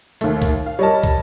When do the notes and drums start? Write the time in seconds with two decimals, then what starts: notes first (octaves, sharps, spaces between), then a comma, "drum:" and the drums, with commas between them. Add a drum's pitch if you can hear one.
0.21 D#2 A3, drum: hi-hat
0.42 drum: kick, hi-hat
0.66 F5
0.79 G3 A#4 C#5 D#5 A5
1.03 drum: kick, hi-hat